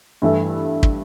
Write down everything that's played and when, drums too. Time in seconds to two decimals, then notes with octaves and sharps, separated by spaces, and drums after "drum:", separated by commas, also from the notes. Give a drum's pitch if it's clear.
0.22 G2 E3 A3 E4 A4
0.83 drum: kick